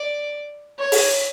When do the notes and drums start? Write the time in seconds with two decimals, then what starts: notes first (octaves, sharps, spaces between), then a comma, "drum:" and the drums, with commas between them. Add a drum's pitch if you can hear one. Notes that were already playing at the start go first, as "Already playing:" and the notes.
Already playing: D5
0.79 C#5
0.92 drum: open hi-hat